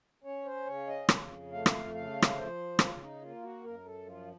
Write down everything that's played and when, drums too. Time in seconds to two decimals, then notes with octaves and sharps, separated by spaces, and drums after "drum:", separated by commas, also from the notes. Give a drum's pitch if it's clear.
0.24 C#4 C#5
0.46 C5
0.66 C#3 C#5
0.88 D#5
1.09 F2, drum: rim click
1.51 A3 F5
1.66 drum: rim click
1.94 C#3 F5
2.22 drum: rim click
2.37 F3 C5
2.79 C#3 F4, drum: rim click
3.01 D#4
3.21 A#3 F4
3.43 F#4
3.64 F#2 A#4
3.85 A4
4.06 F3 F4